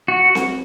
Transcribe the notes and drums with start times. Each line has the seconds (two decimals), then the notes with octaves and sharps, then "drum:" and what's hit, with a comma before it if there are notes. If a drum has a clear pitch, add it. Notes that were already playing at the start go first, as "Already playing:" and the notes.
0.08 F#4
0.35 drum: snare C4